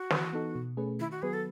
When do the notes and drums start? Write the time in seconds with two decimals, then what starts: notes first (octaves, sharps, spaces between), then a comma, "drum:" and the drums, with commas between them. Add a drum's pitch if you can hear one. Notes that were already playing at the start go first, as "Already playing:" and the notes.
Already playing: F#4
0.10 E3, drum: snare
0.33 B3 D#4 A4
0.55 B2
0.77 A3 C#4 G#4 B4
1.00 D#3 E4
1.11 F#4
1.22 F#3 B3 F#4 G#4 B4
1.33 A4